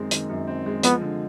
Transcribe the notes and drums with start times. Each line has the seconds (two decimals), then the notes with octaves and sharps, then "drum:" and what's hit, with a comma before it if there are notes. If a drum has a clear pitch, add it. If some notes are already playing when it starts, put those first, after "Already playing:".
Already playing: F#2 D#3 G#3 C4
0.11 D#3, drum: hi-hat
0.29 F#2
0.47 C4
0.66 G#3
0.83 F3 B3, drum: hi-hat
1.01 D3